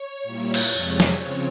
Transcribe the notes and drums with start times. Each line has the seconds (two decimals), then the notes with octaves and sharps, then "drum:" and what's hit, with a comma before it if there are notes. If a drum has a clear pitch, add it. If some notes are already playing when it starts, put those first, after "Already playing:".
Already playing: C#5
0.23 A#2 G3 A#3 E4
0.54 drum: cymbal
0.71 F2 C3 F3 G#3
1.00 drum: snare
1.17 C#3 F3 C4 C#5